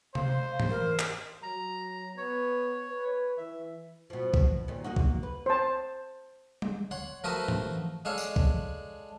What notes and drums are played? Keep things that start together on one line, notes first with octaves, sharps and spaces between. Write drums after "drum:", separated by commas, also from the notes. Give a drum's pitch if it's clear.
C5 F5, drum: tom C3
drum: tom
A#4
drum: clap
F#3 A#5
B3 C#5
B4
E3 E5
B2 F3
B2, drum: kick B1
D#2 A#2
A#3 D#4 F#4
drum: kick B1
B4
C5 A5
drum: tom G3
C#5 F#5 C6
F3 A3 F#4 A#4 B4 D#6
drum: tom
G#3 D4 A4 C#5 F5
drum: tambourine
drum: kick B1